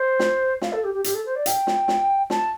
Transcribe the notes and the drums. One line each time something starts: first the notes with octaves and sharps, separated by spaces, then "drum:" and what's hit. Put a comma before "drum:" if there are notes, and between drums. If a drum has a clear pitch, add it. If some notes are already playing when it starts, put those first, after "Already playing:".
Already playing: C5
drum: snare
F5, drum: snare
A4
G4
G4
G4, drum: hi-hat
A4
C5
D5
G5, drum: hi-hat
drum: snare
drum: snare
A5, drum: snare